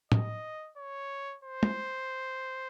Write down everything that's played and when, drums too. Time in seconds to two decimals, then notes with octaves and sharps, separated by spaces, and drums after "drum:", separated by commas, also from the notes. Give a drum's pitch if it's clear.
0.12 D#5, drum: tom
0.77 C#5
1.44 C5
1.63 drum: tom